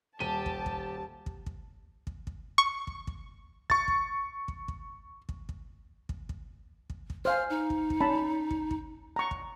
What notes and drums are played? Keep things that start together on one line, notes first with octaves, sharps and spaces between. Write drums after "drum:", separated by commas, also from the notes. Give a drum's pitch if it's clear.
D#1 G4 A5 D#7
drum: kick
drum: kick
drum: kick
drum: kick
drum: kick
drum: kick
C#6
drum: kick
drum: kick
C#6 A6, drum: kick
drum: kick
drum: kick
drum: kick
drum: kick
drum: kick
drum: kick
drum: kick
drum: kick
drum: kick
C5 F5 G#5 F6
D#4
drum: kick
drum: kick
C#4 A5 B5
drum: kick
drum: kick
A#5 C#6
drum: kick